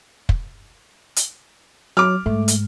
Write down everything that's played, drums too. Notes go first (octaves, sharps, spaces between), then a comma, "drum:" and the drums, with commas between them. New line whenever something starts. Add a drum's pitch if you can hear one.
drum: kick
drum: hi-hat
F#3 D6 F6
G#2 A3
drum: hi-hat